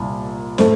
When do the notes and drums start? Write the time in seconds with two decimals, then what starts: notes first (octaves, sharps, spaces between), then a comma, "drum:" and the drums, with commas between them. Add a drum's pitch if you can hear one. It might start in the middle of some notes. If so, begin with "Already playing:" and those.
Already playing: C2 A#2
0.58 A2 A3 C4, drum: snare